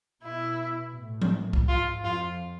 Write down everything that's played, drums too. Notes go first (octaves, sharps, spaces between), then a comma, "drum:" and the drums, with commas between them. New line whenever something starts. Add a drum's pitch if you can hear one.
B2 E4
A2
drum: tom F3
drum: kick
G#2 F4
F2 F4